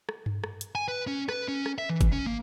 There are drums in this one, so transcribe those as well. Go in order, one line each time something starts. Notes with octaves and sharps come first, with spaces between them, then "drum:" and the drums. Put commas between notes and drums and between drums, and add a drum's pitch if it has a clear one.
drum: rim click
drum: tom G2
drum: rim click
drum: hi-hat
G#5
B4
C#4
B4, drum: rim click
C#4
drum: rim click
E5
E3
drum: kick F#1, hi-hat
C#4
A#3